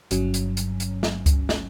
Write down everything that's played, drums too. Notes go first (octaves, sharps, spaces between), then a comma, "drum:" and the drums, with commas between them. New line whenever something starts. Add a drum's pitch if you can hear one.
G1 G2 F#3 C#4, drum: hi-hat
drum: hi-hat
drum: hi-hat
drum: hi-hat
drum: snare
drum: kick C#2, hi-hat
drum: snare